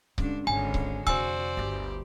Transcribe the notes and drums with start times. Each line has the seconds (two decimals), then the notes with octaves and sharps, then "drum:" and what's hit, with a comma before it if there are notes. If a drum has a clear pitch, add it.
0.18 G2 D3 G#3 C#4 D4, drum: kick C#1
0.47 G#1 D3 G#3 C#4 G#5
0.74 drum: kick C#1
1.07 F2 C3 F#4 C5 D5 G#5 E6, drum: kick C#1
1.57 G1 D2 G4